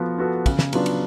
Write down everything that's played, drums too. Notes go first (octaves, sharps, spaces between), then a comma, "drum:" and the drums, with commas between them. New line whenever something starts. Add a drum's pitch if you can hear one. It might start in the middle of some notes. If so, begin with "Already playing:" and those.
Already playing: F3 B3 F#4 A4
B3 F#4 A4
C#3, drum: kick, cymbal
drum: snare
F#3 B3 D4 F4, drum: cymbal
drum: cymbal